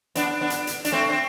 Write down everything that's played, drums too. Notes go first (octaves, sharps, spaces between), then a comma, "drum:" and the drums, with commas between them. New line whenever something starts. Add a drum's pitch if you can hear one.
B3 D4, drum: hi-hat
B3 D4
drum: hi-hat
drum: hi-hat
D4, drum: hi-hat
A3 C4
C4